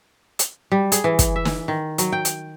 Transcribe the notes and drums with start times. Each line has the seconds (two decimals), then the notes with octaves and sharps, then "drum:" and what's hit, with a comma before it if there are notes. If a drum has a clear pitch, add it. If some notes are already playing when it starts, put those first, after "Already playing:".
0.39 drum: hi-hat
0.72 G3
0.92 G#4, drum: hi-hat
1.04 E3
1.19 drum: kick, hi-hat
1.36 E5
1.45 drum: snare
1.68 D#3
1.98 F#3, drum: hi-hat
2.12 G5
2.25 drum: hi-hat